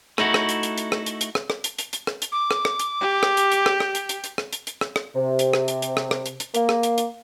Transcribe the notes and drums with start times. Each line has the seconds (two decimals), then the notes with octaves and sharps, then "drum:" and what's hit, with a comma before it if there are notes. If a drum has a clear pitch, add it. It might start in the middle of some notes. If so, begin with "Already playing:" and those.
0.18 A3 D#4 E4 F#4, drum: rim click
0.34 drum: rim click
0.49 drum: hi-hat
0.63 drum: hi-hat
0.78 drum: hi-hat
0.92 drum: rim click
1.06 drum: hi-hat
1.21 drum: hi-hat
1.35 drum: rim click
1.50 drum: rim click
1.64 drum: hi-hat
1.78 drum: hi-hat
1.93 drum: hi-hat
2.07 drum: rim click
2.22 drum: hi-hat
2.32 D6
2.51 drum: rim click
2.65 drum: rim click
2.79 drum: hi-hat
3.01 G4
3.23 drum: rim click
3.37 drum: hi-hat
3.52 drum: hi-hat
3.66 drum: rim click
3.80 drum: rim click
3.95 drum: hi-hat
4.09 drum: hi-hat
4.24 drum: hi-hat
4.38 drum: rim click
4.53 drum: hi-hat
4.67 drum: hi-hat
4.81 drum: rim click
4.96 drum: rim click
5.15 C3
5.39 drum: hi-hat
5.53 drum: rim click
5.68 drum: hi-hat
5.82 drum: hi-hat
5.97 drum: rim click
6.11 drum: rim click
6.26 drum: hi-hat
6.40 drum: hi-hat
6.54 A#3, drum: hi-hat
6.69 drum: rim click
6.83 drum: hi-hat
6.98 drum: hi-hat